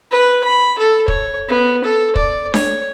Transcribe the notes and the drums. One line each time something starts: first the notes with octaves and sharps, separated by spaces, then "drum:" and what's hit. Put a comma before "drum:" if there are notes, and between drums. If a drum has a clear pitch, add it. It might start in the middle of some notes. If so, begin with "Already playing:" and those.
B4
B5
A4
C#5, drum: kick
B3
A4
D5, drum: kick
C#5, drum: snare D4